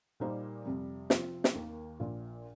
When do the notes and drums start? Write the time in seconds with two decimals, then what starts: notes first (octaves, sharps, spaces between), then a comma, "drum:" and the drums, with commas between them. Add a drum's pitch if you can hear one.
0.20 A#2 G3 A#3 D#4 C5
0.65 F2 C3 G3
1.10 C3 F3 C4 F4, drum: snare
1.44 drum: snare
1.55 D#2 D#3 A#3
2.00 A#1 A#2 F3 A#3 F4